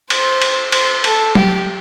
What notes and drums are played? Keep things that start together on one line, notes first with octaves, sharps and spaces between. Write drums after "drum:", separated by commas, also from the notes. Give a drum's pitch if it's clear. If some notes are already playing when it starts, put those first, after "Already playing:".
C5, drum: cymbal
drum: cymbal
C5, drum: cymbal
A4, drum: cymbal
G4, drum: tom F#3